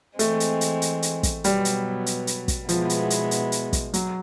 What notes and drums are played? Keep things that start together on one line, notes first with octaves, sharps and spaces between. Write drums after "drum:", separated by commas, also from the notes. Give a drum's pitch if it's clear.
E3 G#3 A3 C4, drum: hi-hat
drum: hi-hat
drum: hi-hat
drum: hi-hat
drum: hi-hat
drum: kick, hi-hat
B2 F#3 G3 B3, drum: hi-hat
drum: hi-hat
drum: hi-hat
drum: hi-hat
drum: kick, hi-hat
B2 F3 G#3 B3 E4, drum: hi-hat
drum: hi-hat
drum: hi-hat
drum: hi-hat
drum: hi-hat
drum: kick, hi-hat
F#3, drum: hi-hat